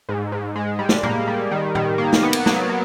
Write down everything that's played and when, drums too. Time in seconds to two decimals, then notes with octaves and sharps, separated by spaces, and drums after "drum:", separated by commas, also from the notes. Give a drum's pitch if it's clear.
0.09 G#2
0.32 G#2
0.56 G#3
0.79 G3
0.89 drum: snare
1.03 A#3, drum: tom A2
1.28 G3
1.51 D#3
1.75 D#3, drum: tom A2
1.98 A#3
2.12 drum: snare
2.23 B3
2.33 drum: cymbal
2.46 F#3, drum: snare
2.70 F#3